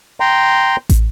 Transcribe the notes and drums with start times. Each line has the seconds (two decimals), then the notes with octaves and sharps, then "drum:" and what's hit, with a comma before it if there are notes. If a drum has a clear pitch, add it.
0.20 G5 A#5 C6
0.89 drum: kick, hi-hat